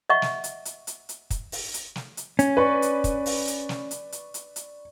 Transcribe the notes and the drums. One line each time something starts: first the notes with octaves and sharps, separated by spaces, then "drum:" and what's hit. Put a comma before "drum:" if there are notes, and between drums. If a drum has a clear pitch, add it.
D#5 E5 F#5 C#6
drum: snare
drum: hi-hat
drum: hi-hat
drum: hi-hat
drum: hi-hat
drum: kick, hi-hat
drum: open hi-hat
drum: hi-hat
drum: snare
drum: hi-hat
C#4, drum: hi-hat
B4 D5 C#6
drum: hi-hat
drum: kick, hi-hat
drum: open hi-hat
drum: hi-hat
drum: snare
drum: hi-hat
drum: hi-hat
drum: hi-hat
drum: hi-hat